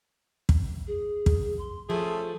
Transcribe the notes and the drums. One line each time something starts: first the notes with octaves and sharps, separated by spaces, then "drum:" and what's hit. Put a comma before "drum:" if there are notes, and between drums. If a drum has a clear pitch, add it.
drum: kick
G#4
drum: kick
C6
F3 A3 C#4 G#4 A4